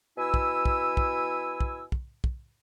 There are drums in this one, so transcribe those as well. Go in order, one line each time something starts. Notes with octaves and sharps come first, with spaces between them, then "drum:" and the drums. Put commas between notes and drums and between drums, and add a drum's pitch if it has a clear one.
B2 E4 G#5 E6
drum: kick
drum: kick
drum: kick
drum: kick
drum: kick
drum: kick